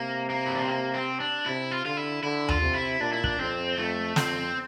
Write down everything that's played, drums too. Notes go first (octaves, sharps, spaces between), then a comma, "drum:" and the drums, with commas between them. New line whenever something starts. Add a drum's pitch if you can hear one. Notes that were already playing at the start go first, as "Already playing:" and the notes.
Already playing: C3 A#3
A#3
E4
D4
C4
A#3
C4
D4
C3 E4
F4
D3 F4
E4
D3 E4
F4, drum: tom D#2
C3
E4
A#2 D4
E4
D4, drum: kick
F2 C4
F2 A3
F2 C4, drum: snare